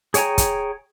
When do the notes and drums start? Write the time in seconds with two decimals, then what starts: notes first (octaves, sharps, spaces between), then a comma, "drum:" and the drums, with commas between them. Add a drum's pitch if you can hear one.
0.14 G#4 C#5 G5 G#5 A#5, drum: hi-hat
0.38 drum: kick, hi-hat